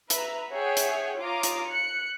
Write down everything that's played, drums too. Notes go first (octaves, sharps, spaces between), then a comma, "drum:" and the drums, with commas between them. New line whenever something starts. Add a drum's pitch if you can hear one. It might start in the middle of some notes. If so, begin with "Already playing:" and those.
B4 E5 A#5, drum: hi-hat
G#4 C#5 E5 F#5 G5
drum: hi-hat
F4 C#5 A#5 D6 D#6
drum: hi-hat
F#6 C#7